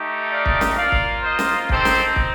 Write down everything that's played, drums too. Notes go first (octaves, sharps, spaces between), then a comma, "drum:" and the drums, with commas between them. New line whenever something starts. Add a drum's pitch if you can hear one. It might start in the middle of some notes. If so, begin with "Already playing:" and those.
Already playing: A3 D#4 G4
D5 F5
drum: kick
drum: snare C#4
A#3 F4 D5 F5
drum: kick
C5 D#5
drum: snare C#4
C4 D#4 G4 A4 C5, drum: kick
drum: snare C#4
drum: kick